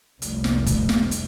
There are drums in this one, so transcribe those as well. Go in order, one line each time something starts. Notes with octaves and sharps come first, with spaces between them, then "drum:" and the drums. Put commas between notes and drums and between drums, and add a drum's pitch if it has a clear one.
F1 C2, drum: hi-hat
drum: snare
drum: kick, hi-hat
drum: snare
drum: hi-hat